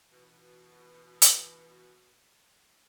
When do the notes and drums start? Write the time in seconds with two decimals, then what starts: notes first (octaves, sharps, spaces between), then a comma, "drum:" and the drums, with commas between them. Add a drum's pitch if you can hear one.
0.12 C#2 B2 E3 B4
1.22 drum: hi-hat